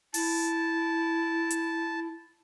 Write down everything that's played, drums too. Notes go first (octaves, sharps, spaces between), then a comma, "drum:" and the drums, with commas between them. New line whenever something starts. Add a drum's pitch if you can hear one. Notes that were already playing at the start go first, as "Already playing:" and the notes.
E4 A5, drum: open hi-hat
drum: hi-hat